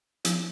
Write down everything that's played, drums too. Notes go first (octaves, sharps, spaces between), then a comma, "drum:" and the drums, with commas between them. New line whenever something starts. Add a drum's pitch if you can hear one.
F3, drum: hi-hat